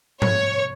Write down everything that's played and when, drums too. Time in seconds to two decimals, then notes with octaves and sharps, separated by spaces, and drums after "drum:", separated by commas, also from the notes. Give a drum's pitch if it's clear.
0.22 C#5, drum: tom G#2